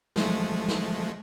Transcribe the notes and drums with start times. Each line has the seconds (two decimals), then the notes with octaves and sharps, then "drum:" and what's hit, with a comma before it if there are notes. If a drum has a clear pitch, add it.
0.16 F3 G#3 A3, drum: snare
0.68 drum: snare